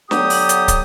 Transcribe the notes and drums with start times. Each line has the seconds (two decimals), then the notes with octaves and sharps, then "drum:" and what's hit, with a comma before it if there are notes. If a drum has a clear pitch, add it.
0.11 D3 F#3 B3 G4 D#6, drum: snare
0.30 drum: open hi-hat
0.49 drum: hi-hat
0.68 drum: kick, hi-hat